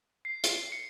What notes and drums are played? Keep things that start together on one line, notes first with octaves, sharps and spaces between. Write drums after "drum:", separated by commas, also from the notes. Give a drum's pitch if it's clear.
C7
drum: hi-hat
C#7